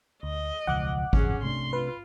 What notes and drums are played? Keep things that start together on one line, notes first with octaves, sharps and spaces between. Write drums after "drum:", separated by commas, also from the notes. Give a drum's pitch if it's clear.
D2 D#5
E1 C#2 F3 F#5 D6 F#6
D1 F2 C3 C#4 G#4, drum: kick G#1
C3 A3 D4 C6
F4 B4